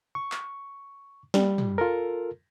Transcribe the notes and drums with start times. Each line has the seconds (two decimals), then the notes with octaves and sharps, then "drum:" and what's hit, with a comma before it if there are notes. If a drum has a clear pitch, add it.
0.15 C#6
0.32 drum: clap
1.34 G3, drum: snare
1.58 drum: tom
1.78 F4 A4 A#4